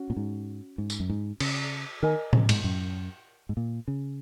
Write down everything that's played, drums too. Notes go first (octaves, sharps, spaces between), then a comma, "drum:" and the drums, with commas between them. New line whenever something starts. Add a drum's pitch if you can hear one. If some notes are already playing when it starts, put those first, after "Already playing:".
Already playing: C#4 F#4
A#2
G#2
G#2
drum: tambourine
F#2
G#2
C#3, drum: cymbal
D#3 A#4 D#5 G#5
C#3, drum: tom A2
G#2, drum: cymbal
F#2
G#2
A#2
C#3